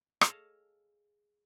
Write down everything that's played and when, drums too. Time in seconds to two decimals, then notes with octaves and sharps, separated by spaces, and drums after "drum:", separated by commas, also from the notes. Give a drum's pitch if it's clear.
0.21 G#4 A4 C#5 D#5 F5 A5, drum: rim click